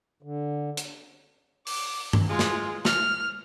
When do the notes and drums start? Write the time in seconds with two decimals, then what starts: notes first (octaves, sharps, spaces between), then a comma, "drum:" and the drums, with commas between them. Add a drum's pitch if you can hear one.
0.23 D3
0.77 drum: hi-hat
1.67 D6, drum: open hi-hat
2.13 drum: tom G2
2.29 G#3 F4
2.39 drum: snare
2.85 F6, drum: snare